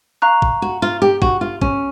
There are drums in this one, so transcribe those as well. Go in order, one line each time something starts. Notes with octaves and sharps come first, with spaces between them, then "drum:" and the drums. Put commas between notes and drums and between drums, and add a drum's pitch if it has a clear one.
F5 A#5 C#6 F#6
drum: kick G#1
F#4
F4
G4
F#4, drum: kick G#1
F4
C#4, drum: kick G#1